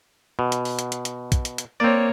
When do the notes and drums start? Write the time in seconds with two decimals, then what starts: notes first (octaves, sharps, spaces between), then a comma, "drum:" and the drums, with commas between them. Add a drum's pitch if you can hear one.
0.39 B2
0.52 drum: hi-hat
0.65 drum: open hi-hat
0.79 drum: hi-hat
0.92 drum: hi-hat
1.05 drum: hi-hat
1.32 drum: kick, hi-hat
1.45 drum: hi-hat
1.58 drum: hi-hat
1.80 A#3 C4 C#5 D5